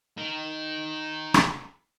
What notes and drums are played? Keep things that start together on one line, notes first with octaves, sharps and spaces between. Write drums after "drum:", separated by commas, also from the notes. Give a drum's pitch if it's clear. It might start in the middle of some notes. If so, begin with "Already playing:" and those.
D#4 A#4
drum: rim click